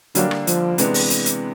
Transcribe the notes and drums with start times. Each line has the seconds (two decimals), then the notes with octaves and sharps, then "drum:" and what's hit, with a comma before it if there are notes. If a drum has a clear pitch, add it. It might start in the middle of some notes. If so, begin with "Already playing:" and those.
0.15 D3 F#3 G3 A#3 D4, drum: hi-hat
0.31 drum: rim click
0.47 F3, drum: hi-hat
0.78 C3 E3 G#3 B3 D4, drum: hi-hat
0.94 drum: open hi-hat
1.10 drum: hi-hat
1.26 drum: hi-hat